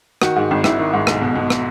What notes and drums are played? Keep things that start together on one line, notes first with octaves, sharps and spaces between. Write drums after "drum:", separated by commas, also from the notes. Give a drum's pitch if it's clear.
D#3 F#4, drum: rim click
G#2
G#1
G#1 E4, drum: rim click
D#3
G#2
B1, drum: rim click
B2
B2
drum: rim click